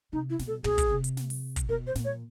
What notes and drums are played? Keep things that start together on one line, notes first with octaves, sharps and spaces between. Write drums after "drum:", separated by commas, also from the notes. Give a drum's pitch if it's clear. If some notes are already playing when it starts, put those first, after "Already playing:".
C3 D#4
E4
B2, drum: snare
A4
B2 G#4, drum: tom
drum: kick, hi-hat
C3
drum: hi-hat
drum: snare
drum: open hi-hat
drum: kick, hi-hat
B2 A#4
C5
A#2, drum: snare
C#5